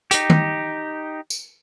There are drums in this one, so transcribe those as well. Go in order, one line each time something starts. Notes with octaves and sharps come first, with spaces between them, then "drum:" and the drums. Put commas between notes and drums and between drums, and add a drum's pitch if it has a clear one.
D#4 G4, drum: hi-hat
drum: tom
drum: tambourine